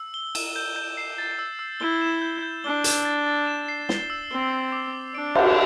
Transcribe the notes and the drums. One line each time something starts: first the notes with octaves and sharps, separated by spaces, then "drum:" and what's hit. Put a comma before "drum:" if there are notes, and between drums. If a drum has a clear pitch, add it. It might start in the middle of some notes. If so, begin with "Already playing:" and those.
Already playing: E6
G7
E7, drum: cymbal
G6
G6
C7
A6
E6
E6
E4 G7
E7
G6
G6
D4 G7
E7, drum: hi-hat
A6
A6
E7
C7
G7, drum: snare
E6
C4 G7
C7
D6
D6
D4 D7
G6, drum: cymbal